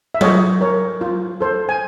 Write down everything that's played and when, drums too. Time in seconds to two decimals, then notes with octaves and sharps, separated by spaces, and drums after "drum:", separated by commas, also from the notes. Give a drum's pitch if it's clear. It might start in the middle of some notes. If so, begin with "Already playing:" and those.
0.14 E5
0.21 F4 C#5 D#5, drum: tom F#3
0.61 A#4 C#5
1.01 F4
1.41 A4 C5
1.69 G#5